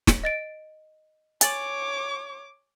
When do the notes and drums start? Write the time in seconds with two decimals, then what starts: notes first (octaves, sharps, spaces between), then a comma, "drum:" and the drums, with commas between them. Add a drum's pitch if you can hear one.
0.07 drum: snare
0.24 D#5 A6 D7
1.41 C#5 G#5 D6 A6 F#7, drum: hi-hat